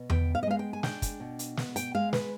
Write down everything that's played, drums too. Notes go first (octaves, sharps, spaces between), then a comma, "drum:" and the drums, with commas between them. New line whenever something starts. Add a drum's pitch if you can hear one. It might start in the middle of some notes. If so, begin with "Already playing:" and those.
Already playing: B2
B3 G5, drum: tom E2
F5
D#5
G#3 F5
G5
G#5
D4 G5, drum: snare
drum: kick, hi-hat
B2
drum: hi-hat
B3, drum: snare
G5, drum: hi-hat
G#3 F5
B4, drum: snare